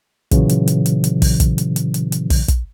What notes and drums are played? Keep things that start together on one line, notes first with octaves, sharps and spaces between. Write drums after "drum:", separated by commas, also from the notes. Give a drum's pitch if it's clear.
A#2 C#3 E3 F#3, drum: kick, hi-hat
drum: hi-hat
drum: hi-hat
drum: hi-hat
drum: hi-hat
drum: kick, open hi-hat
drum: kick, hi-hat
drum: hi-hat
drum: hi-hat
drum: hi-hat
drum: hi-hat
drum: kick, open hi-hat
drum: kick, hi-hat